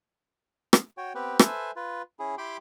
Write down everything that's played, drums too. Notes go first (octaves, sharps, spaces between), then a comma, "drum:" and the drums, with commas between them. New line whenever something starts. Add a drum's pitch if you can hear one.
drum: rim click
F#4 C#5 G5
B3 C4 G4 B4
A4 B4 C5 E5 G#5, drum: rim click
F4 B4
C#4 E4 G#4
E4 G4 G5 B5 C6 D6